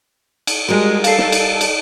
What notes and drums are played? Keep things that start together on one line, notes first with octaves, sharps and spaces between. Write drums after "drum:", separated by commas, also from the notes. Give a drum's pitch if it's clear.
drum: cymbal
G3 G#3 F#4 A#4
A4 F5 A5 C7, drum: cymbal
drum: snare
drum: cymbal
drum: cymbal